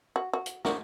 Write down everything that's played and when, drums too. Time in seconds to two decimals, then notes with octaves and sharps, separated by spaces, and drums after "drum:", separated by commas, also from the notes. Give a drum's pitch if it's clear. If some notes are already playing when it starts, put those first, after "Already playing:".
0.16 F#4
0.33 F#4
0.46 drum: hi-hat
0.65 D4 F#4 A#4, drum: snare